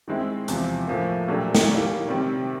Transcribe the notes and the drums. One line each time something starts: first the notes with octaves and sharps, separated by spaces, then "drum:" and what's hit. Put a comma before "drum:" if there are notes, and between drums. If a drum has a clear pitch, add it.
D#3 G#3 C4 E4
E2 C3 F3, drum: hi-hat
A2 F3 A#3
A#2 F#3 A3 D4 G4
drum: snare
D#3 G3 A#3
C3 D#3 G3 C4